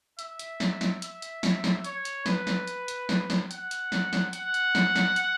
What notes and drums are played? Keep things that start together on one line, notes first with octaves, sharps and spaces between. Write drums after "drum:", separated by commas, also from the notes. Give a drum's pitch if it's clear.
E5, drum: hi-hat
drum: hi-hat
drum: snare
drum: snare
E5, drum: hi-hat
drum: hi-hat
drum: snare
drum: snare
C#5, drum: hi-hat
drum: hi-hat
B4, drum: snare
drum: snare
drum: hi-hat
drum: hi-hat
drum: snare
drum: snare
F#5, drum: hi-hat
drum: hi-hat
drum: snare
drum: snare
F#5, drum: hi-hat
drum: hi-hat
drum: snare
drum: snare
drum: hi-hat